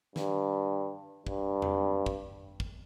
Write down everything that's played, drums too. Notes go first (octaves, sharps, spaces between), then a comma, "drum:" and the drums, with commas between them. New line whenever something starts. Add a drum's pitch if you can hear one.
G2, drum: snare
G2, drum: kick
drum: tom E2
drum: kick
drum: kick